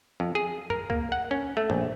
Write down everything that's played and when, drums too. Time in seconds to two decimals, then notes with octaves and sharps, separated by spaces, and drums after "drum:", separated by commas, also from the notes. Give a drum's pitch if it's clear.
0.20 F2
0.35 G#4
0.70 A#4, drum: tom
0.90 A#3, drum: kick C#2
1.12 F#5
1.31 C#4
1.57 A3
1.70 A#1, drum: tom